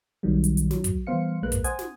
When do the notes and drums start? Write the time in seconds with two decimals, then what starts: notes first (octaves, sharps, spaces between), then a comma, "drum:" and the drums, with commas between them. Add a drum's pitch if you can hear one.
0.23 B1 B2 D#3 F#3 G3
0.44 drum: hi-hat
0.57 drum: hi-hat
0.71 F#3, drum: snare
0.84 drum: kick, hi-hat
1.07 E3 G3 B3 C5 F5 C#7
1.43 A#1 G#3 A#3 B4 F#6
1.52 drum: kick, hi-hat
1.64 C5 F#5 G#5 D#6 G#6, drum: hi-hat
1.79 drum: snare